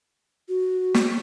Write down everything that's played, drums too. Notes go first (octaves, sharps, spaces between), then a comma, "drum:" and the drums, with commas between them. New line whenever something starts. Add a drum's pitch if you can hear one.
F#4
drum: snare